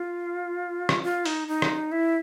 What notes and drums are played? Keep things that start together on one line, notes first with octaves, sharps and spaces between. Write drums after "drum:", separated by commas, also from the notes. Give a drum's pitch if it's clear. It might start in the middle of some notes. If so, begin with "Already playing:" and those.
Already playing: F4
drum: rim click
F4
D#4, drum: open hi-hat
D#4
drum: rim click
E4